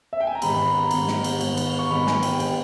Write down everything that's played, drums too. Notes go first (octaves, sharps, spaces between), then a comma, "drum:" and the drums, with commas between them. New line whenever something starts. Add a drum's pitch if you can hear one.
E5
G5
G#5
A#5
G#2 D#3 G#3 B3 B5, drum: cymbal
B5
A#5
G#2 D#3 G#3 B3, drum: cymbal
drum: snare
drum: cymbal
G#2 D#3 G#3 B3, drum: cymbal
drum: cymbal
C#6
G#2 D#3 G#3 B3 B5
G#5, drum: snare
G5, drum: cymbal
B2 G#3 B3 G5, drum: cymbal